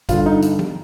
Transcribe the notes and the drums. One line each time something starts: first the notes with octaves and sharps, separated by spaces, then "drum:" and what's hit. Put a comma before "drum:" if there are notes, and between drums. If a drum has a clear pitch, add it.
G2 D3 F4, drum: kick A1, hi-hat
D#4
drum: hi-hat
drum: tom E3